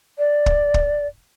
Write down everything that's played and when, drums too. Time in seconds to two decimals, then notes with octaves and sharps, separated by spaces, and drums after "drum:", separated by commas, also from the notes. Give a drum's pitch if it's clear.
0.18 D5
0.46 drum: kick
0.74 drum: kick